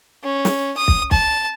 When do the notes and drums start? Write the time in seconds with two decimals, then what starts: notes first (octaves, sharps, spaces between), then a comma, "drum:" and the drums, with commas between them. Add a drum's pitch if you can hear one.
0.23 C#4
0.45 drum: snare
0.77 D#6
0.88 drum: kick
1.11 A5, drum: kick